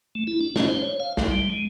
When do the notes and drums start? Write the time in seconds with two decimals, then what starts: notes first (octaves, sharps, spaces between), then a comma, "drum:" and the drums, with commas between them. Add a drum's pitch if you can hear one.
0.15 A3
0.27 E4
0.41 D4
0.56 C#4, drum: snare
0.68 C5
0.82 C#5
1.00 F5
1.17 C2, drum: snare
1.31 G3
1.50 G#3